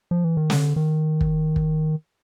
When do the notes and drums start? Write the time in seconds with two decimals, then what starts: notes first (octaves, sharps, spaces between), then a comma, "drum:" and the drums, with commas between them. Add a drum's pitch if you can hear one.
0.11 F3
0.24 E3
0.37 D#3
0.50 D3, drum: snare
0.76 D#3
1.21 drum: kick
1.56 drum: kick